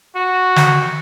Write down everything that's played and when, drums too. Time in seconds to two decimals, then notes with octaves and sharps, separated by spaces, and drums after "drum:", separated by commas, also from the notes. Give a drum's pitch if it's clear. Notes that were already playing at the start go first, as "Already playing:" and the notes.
0.16 F#4
0.56 drum: snare